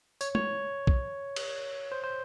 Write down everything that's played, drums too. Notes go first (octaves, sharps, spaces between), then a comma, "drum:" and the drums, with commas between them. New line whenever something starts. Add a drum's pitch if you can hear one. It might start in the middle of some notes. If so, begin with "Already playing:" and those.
C#5, drum: tambourine
C#5, drum: tom
drum: kick B1
drum: cymbal
C5
C5